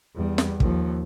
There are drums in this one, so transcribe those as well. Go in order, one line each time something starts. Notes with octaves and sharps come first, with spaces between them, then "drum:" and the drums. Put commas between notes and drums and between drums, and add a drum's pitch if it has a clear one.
E2 G3
drum: snare
D#2 F3, drum: kick